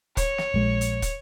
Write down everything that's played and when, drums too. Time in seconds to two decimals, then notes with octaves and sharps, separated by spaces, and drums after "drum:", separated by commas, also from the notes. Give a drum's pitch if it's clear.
0.17 C#5, drum: kick, hi-hat
0.38 drum: snare
0.54 A#1 G#3
0.81 drum: hi-hat
1.02 drum: kick, hi-hat